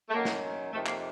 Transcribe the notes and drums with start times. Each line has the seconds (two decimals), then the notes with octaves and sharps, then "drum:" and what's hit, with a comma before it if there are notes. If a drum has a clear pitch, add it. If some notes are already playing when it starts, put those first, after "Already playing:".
0.09 A3
0.14 F#2 D#3 F#3 A#3
0.25 drum: snare
0.72 F2 C3 D#3 A3
0.86 A#3, drum: clap